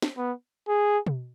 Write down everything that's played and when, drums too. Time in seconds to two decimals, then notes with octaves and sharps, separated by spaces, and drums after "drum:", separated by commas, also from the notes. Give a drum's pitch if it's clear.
0.02 drum: snare
0.17 B3
0.68 G#4
1.07 drum: tom B2